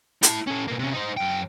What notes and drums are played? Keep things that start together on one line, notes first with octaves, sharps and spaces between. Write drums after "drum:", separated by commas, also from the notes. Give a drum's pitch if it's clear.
E4 A5, drum: hi-hat
C#4 A4
B2 A#3
C3 C#4
D#4 C5
F#2 G5